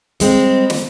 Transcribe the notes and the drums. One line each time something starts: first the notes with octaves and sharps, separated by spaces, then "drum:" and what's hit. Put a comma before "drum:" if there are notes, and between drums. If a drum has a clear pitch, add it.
G3 G#3 C4, drum: hi-hat
drum: snare